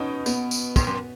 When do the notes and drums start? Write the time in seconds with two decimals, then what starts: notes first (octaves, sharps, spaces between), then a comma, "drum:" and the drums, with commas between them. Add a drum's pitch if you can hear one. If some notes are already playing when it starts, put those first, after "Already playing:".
Already playing: B2 C#4 D#4
0.26 B3, drum: tambourine
0.51 drum: tambourine
0.76 G#2, drum: kick, tambourine
0.87 F#2